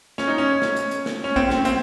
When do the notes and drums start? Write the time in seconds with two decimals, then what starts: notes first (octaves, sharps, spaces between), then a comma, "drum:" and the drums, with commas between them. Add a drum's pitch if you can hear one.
0.18 C#4, drum: snare
0.27 D#4
0.38 C#4
0.62 drum: snare
0.77 drum: hi-hat
0.91 drum: hi-hat
1.06 drum: snare
1.24 C#4
1.36 C4, drum: kick A#1
1.50 drum: snare
1.65 C4, drum: hi-hat